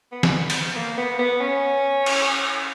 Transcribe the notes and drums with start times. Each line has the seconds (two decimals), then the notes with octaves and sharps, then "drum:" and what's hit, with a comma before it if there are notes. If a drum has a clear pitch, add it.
0.12 B3
0.23 drum: snare
0.50 drum: cymbal
0.76 A#3
0.98 B3
1.19 B3
1.41 C#4
2.06 drum: cymbal